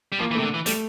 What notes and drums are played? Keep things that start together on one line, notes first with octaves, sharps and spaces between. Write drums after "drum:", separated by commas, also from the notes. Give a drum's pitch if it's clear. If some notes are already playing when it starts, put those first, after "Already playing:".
G3
F3 A#3
E3
C3 A3
D3
E3
G3 A3, drum: hi-hat